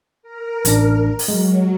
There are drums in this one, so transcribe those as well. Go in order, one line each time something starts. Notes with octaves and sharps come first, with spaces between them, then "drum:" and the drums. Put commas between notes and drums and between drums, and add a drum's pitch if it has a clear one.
A#4
A1 D4, drum: hi-hat
drum: open hi-hat
F#3 G#3